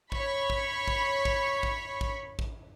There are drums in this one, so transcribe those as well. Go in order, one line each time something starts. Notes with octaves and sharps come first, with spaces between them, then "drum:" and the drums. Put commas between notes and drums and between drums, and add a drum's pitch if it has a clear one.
C#5 B5 C#6, drum: kick
drum: kick
drum: kick
drum: kick
drum: kick
drum: kick
drum: kick